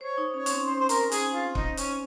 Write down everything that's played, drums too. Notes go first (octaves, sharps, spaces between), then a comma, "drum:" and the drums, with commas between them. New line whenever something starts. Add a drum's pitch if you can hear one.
C5 C#5
D#4
C#4 C#5
C#4, drum: hi-hat
C4
C5
C5
A#4, drum: hi-hat
G#4, drum: hi-hat
F4
D#4, drum: kick
C#4, drum: hi-hat